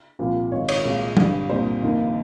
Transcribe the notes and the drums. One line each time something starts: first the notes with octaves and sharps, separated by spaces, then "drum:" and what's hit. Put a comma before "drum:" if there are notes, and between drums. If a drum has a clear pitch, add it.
C2 A#2 F3
G#1 G#2 D#3 C#5
C#5, drum: cymbal
C2 A#2 G#3
G1 G2 G3, drum: tom F#3
C2 A#2 G3 A#3 C5
F1 D#2 D#3 A#3